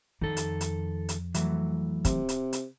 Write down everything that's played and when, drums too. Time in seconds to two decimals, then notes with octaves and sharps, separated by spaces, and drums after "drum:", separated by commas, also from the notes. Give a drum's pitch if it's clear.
0.22 F2 D#3 A4
0.37 drum: hi-hat
0.61 drum: hi-hat
1.09 drum: hi-hat
1.34 E3 F#3 A3, drum: hi-hat
2.05 C3, drum: kick, hi-hat
2.29 drum: hi-hat
2.53 drum: hi-hat